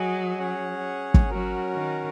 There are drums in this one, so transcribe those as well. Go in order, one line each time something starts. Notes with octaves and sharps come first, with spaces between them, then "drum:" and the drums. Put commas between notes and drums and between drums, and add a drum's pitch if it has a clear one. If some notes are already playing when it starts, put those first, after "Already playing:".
Already playing: F#3 G#4 D#5 G#5
C#4 G#4 C#5 F#5
drum: kick
F#3 C#4 F#4 A#4
D#3